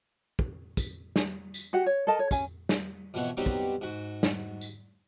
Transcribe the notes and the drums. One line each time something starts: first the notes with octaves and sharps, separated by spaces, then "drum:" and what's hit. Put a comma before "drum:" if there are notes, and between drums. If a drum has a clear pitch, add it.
drum: kick
drum: kick, tambourine
drum: snare
drum: tambourine
F#4 G4 F#5
C#5
A4 A#4 D#5 A5
C#5
C#4 G#5, drum: kick, tambourine
drum: snare
F2 B2 E3 C#5 F#5
F#3 G3 B3 C4 D#4 G4
drum: kick
G#2 F#4
drum: snare
drum: tambourine